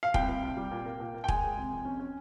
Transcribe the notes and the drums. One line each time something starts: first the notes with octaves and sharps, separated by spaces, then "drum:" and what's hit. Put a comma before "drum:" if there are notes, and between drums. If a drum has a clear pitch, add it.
F5
C2 G5, drum: kick
C2
C3
G3
A#2
A#3
A#2
A#3
G5
G#3 G#5, drum: kick
G#3
C3
F2
C#4
C#4